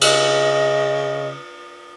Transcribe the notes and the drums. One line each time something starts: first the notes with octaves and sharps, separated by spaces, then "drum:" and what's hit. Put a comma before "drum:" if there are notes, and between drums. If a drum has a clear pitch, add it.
C#3 D#5, drum: cymbal